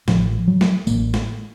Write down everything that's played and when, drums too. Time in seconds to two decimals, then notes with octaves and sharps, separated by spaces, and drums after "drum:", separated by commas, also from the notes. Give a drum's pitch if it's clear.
0.08 A1 A2 F3, drum: snare
0.48 F#3
0.61 drum: snare
0.87 A1 A2 A#3, drum: tambourine
1.14 drum: snare